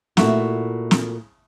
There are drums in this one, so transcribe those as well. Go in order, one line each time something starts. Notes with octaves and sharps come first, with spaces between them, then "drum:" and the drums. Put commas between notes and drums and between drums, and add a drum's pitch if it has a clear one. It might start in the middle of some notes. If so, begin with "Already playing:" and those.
A#2 A3 E4 F#4, drum: snare
drum: snare